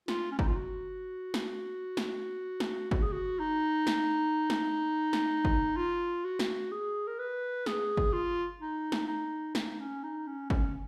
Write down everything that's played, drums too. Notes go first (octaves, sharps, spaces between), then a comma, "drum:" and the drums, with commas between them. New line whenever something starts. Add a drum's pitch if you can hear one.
F4, drum: snare
C#4
D#4, drum: kick G1
F4
F#4
drum: snare
drum: snare
drum: snare
F#4, drum: kick G1
G#4
F#4
D#4
drum: snare
drum: snare
drum: snare
drum: kick G1
F4
F#4
drum: snare
G#4
A#4
B4
G#4, drum: snare
drum: kick G1
F4
D#4
drum: snare
D#4
D#4, drum: snare
C#4
D#4
C#4
C#4, drum: kick G1